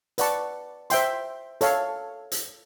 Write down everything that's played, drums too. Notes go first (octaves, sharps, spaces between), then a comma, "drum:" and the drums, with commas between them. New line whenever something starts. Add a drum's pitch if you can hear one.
B4 D5 F#5 A5 C#6, drum: hi-hat
C5 E5 G5 C6, drum: hi-hat
A4 C#5 F5, drum: hi-hat
drum: hi-hat